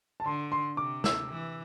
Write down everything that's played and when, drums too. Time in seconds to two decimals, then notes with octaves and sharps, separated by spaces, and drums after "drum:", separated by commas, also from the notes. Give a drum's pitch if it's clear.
0.20 A5
0.25 D3 C6
0.52 C6
0.77 C3 D6
1.04 E6, drum: snare
1.29 E3